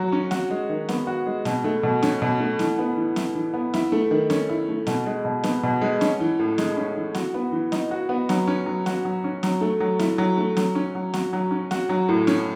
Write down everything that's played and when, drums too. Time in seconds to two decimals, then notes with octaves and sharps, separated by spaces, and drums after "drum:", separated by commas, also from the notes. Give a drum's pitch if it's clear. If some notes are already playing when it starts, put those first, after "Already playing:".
Already playing: F#3 F#4
0.12 C#4
0.31 F#4, drum: snare C4
0.50 G#3
0.69 D#3
0.89 B3, drum: snare C4
1.07 F#4
1.27 G#3
1.45 B2, drum: snare C4
1.64 A3
1.83 B2
2.03 C#4, drum: snare C4
2.22 B2
2.40 A3
2.59 E3, drum: snare C4
2.79 B3
2.97 E3
3.16 E4, drum: snare C4
3.35 E3
3.54 B3
3.74 E4, drum: snare C4
3.92 A3
4.11 D#3
4.30 C#4, drum: snare C4
4.49 E4
4.69 A3
4.87 B2, drum: snare C4
5.06 G#3
5.25 B2
5.44 B3, drum: snare C4
5.63 B2
5.82 G#3
6.01 C#4, drum: snare C4
6.20 E3
6.39 A2
6.58 G#3, drum: snare C4
6.77 C#4
6.96 E3
7.15 F#4, drum: snare C4
7.34 B3
7.52 E3
7.72 D#4, drum: snare C4
7.91 F#4
8.09 B3
8.29 F#3, drum: snare C4
8.47 C#4
8.66 F#3
8.86 F#4, drum: snare C4
9.05 F#3
9.24 C#4
9.43 F#3, drum: snare C4
9.61 A3
9.80 F#3
9.99 E4, drum: snare C4
10.18 F#3
10.38 A3
10.57 F#3, drum: snare C4
10.75 C#4
10.95 F#3
11.14 F#4, drum: snare C4
11.33 F#3
11.51 C#4
11.71 F#4, drum: snare C4
11.89 F#3
12.09 A2
12.27 C#4, drum: snare C4